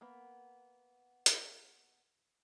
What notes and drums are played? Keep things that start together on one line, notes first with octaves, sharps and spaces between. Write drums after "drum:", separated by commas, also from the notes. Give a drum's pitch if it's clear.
A#3 B3
drum: hi-hat